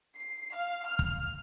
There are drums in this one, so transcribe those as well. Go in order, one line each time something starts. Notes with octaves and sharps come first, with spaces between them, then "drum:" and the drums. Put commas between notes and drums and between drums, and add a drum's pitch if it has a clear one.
C7
F5
F6
drum: kick